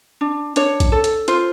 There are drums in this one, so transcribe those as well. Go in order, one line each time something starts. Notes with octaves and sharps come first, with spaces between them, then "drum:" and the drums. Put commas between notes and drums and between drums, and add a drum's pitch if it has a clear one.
D4
D4 C#5, drum: hi-hat
drum: kick A#1, hi-hat
A4
drum: hi-hat
F4 C5, drum: hi-hat